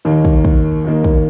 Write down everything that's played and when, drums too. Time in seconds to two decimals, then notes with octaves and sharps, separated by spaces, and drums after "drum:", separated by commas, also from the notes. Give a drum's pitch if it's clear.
0.05 D#2 D#3 A#3
0.25 drum: kick
0.45 drum: kick
0.84 D#2 D#3 A#3
1.04 drum: kick